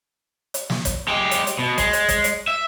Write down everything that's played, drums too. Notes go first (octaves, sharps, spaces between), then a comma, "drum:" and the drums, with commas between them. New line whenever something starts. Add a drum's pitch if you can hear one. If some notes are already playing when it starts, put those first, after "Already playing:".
drum: hi-hat
drum: snare
drum: kick, hi-hat
G#3 G4
drum: hi-hat
drum: hi-hat
B2
G#3, drum: kick, hi-hat
drum: hi-hat
drum: kick, hi-hat
drum: hi-hat
E5